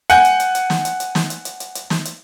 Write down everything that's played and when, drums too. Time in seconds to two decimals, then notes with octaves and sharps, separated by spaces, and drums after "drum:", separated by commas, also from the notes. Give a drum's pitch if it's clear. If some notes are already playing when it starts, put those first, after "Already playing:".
0.10 F#5 G#5 G6, drum: hi-hat
0.25 drum: hi-hat
0.40 drum: hi-hat
0.55 drum: hi-hat
0.70 drum: snare
0.85 drum: hi-hat
1.00 drum: hi-hat
1.15 drum: snare
1.30 drum: hi-hat
1.45 drum: hi-hat
1.60 drum: hi-hat
1.75 drum: hi-hat
1.90 drum: snare
2.05 drum: hi-hat